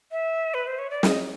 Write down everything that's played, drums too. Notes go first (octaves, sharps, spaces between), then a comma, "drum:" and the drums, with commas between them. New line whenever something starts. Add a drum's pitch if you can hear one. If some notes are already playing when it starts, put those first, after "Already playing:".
E5
B4
C5
C#5
D5
D#5, drum: snare